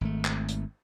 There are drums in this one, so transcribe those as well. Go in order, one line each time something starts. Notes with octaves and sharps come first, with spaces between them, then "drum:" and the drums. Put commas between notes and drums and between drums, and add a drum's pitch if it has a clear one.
G#1 A3
drum: clap
drum: hi-hat